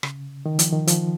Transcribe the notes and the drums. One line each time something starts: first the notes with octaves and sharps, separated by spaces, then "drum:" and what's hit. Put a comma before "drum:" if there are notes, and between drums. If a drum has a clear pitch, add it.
C#3, drum: rim click
D#3
F3, drum: hi-hat
D#3
F3, drum: hi-hat